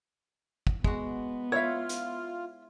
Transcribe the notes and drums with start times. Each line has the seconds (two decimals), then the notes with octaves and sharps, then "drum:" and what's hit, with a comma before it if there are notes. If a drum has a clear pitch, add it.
0.67 drum: kick
0.84 G#3 B3 F#4, drum: kick
1.52 E4 F4 C#5 E5 F5
1.89 drum: hi-hat